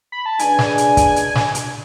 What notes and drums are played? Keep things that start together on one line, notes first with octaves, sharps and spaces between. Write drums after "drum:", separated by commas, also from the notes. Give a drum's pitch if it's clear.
B5
A5
C#3 G#3 D4 G#4 B4 G#5, drum: hi-hat
drum: snare
drum: hi-hat
drum: kick, hi-hat
drum: hi-hat
drum: snare
drum: hi-hat